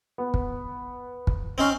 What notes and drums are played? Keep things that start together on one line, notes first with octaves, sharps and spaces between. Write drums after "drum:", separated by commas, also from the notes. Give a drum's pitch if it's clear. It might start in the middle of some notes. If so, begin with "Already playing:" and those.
B3
drum: kick
drum: kick
C4 C#4 D#4 C5